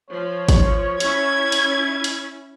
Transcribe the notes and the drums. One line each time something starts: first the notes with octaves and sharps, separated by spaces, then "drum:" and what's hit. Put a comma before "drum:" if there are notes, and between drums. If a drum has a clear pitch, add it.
F3 C#5
drum: kick G#1, hi-hat
C#4 E4 G#6, drum: hi-hat
drum: hi-hat
drum: hi-hat